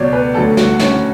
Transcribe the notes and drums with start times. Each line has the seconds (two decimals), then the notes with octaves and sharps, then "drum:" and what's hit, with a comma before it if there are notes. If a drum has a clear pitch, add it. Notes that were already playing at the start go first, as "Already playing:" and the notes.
Already playing: C#2 B2 F#3 C#5 D5
0.13 B4
0.34 D2 D3 F#3 A4
0.57 F#4, drum: snare
0.79 C#4, drum: snare